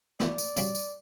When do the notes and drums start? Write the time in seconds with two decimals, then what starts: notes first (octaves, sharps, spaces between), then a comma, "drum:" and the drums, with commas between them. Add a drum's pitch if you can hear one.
0.20 E3 B3 F#4 D5, drum: snare
0.38 drum: tambourine
0.57 C#3 G3 D4 F#4, drum: tambourine
0.75 drum: tambourine